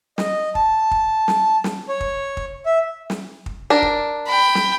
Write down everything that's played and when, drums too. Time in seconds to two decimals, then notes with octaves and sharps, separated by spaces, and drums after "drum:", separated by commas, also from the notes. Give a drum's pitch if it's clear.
0.18 D#5, drum: snare
0.55 A5, drum: kick
0.91 drum: kick
1.28 drum: snare
1.64 drum: snare
1.89 C#5
2.01 drum: kick
2.37 drum: kick
2.66 E5
3.10 drum: snare
3.46 drum: kick
3.70 D4 A#4
3.82 drum: kick
4.26 G5 B5
4.55 drum: snare